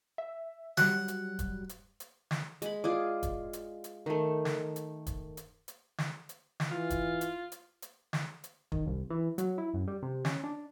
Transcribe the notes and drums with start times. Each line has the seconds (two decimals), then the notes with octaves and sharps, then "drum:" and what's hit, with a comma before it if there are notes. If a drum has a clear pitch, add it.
0.18 E5
0.77 F#3 G3 F#5, drum: snare
1.08 drum: hi-hat
1.39 drum: kick, hi-hat
1.69 drum: hi-hat
2.00 drum: hi-hat
2.31 drum: snare
2.62 G#3 B5, drum: hi-hat
2.84 F4 G#4 D5
3.23 drum: kick, hi-hat
3.53 drum: hi-hat
3.84 drum: hi-hat
4.06 D#3 A3
4.45 drum: snare
4.76 drum: hi-hat
5.06 drum: kick, hi-hat
5.37 drum: hi-hat
5.68 drum: hi-hat
5.98 drum: snare
6.29 drum: hi-hat
6.60 drum: snare
6.71 E3 F4
6.90 drum: kick, hi-hat
7.21 drum: hi-hat
7.52 drum: hi-hat
7.82 drum: hi-hat
8.13 drum: snare
8.44 drum: hi-hat
8.72 D#3, drum: kick
8.87 C2
9.10 E3
9.38 F#3, drum: hi-hat
9.58 E4
9.74 F#2
9.87 G3
10.02 C3
10.25 C#4, drum: snare
10.44 D4